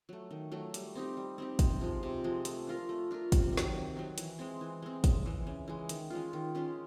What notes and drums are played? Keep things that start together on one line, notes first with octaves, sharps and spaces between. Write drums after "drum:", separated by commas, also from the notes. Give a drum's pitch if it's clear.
F#3 A3
D#3
F#3 A3
G3, drum: hi-hat
C4 D#4 G4
G3
C4 D#4 G4
C3, drum: kick, hi-hat
F3 G#3
C3
F3 G#3
A3, drum: hi-hat
D4 F4 A#4
A3
D4 F4 A#4
C3, drum: kick, hi-hat
D#3
F#3, drum: snare
C3
D#3 F#3
E3, drum: hi-hat
G#3 C4
E3
G#3 C4
C#3, drum: kick, hi-hat
E3 G#3
C#3
E3 G#3
D#3, drum: hi-hat
G#3 C#4 F4
D#3
G#3 C#4 F4